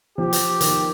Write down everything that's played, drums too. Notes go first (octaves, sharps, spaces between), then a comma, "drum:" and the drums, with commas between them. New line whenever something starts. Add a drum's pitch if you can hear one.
F3 G4
drum: hi-hat
D#3, drum: hi-hat